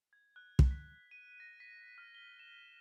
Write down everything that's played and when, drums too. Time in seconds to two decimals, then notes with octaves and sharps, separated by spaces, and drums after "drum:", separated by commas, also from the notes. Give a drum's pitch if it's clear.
0.13 G#6
0.36 F#6
0.59 drum: kick
0.71 B6
1.11 D#7
1.40 A#6
1.60 B6
1.98 F6
2.15 G7
2.39 E7